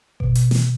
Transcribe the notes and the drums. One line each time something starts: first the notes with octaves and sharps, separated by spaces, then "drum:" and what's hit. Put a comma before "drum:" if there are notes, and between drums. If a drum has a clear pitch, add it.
B2, drum: kick G#1
drum: hi-hat
drum: snare